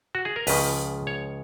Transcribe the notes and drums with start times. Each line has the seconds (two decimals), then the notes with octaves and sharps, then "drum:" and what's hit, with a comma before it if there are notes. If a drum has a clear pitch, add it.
0.15 F#4
0.25 G#4
0.36 A#4
0.47 C#2 C#3 F3 B4, drum: open hi-hat
1.07 C#5